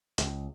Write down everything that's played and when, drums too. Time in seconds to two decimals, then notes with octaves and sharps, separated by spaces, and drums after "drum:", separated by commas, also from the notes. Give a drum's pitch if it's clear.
0.18 C#2, drum: hi-hat